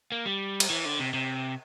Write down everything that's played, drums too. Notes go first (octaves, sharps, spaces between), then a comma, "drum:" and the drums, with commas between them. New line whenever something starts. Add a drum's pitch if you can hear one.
A#3
G3
drum: cymbal
E3
D3
C3
C3